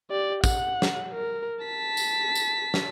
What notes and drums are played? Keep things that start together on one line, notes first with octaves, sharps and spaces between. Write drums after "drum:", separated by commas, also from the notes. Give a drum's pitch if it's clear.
G4 D5
F#5, drum: kick, tambourine
drum: snare
A#4
A5 B6
drum: tambourine
drum: tambourine
drum: snare